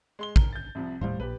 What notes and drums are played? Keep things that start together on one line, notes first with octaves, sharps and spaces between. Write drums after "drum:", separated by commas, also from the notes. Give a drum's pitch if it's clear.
G#3 C6 G7
A#4, drum: kick
G6 A6
C2 C3 F3
D#1 A2 G3 C5 F5
A#1 G4 B4